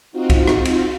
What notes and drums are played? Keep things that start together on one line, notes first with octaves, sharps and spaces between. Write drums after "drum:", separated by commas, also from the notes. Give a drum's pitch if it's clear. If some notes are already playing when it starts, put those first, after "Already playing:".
C4 D#4 F4 F#4
drum: kick C2, cymbal
drum: rim click
drum: cymbal